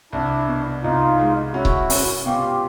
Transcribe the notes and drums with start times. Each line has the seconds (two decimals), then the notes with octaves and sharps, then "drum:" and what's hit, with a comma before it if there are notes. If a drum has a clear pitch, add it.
0.13 C2 D4 E4
0.47 B2
0.83 C2 D#4 F4
1.19 G#3
1.54 C#4 E4 F#4
1.65 drum: kick C#1
1.90 C#4, drum: open hi-hat
2.25 B2 F4 G4